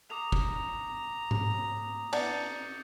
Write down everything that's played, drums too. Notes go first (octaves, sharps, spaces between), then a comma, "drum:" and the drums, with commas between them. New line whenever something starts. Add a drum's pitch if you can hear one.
A#5 D6 D#6 F7
drum: kick
drum: tom G#2
B3 D4 E4 G6 A6 C#7, drum: cymbal